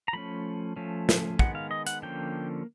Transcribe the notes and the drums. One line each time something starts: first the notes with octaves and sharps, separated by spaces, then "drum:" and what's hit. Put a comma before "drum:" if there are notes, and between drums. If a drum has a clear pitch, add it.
A#5
F3 A3 C#4 B5
F3 A3 C#4
drum: snare
D#3 G#3 B3 F#5, drum: kick
F5
D#5
F#5, drum: hi-hat
D3 F3 A#3 C#4 G5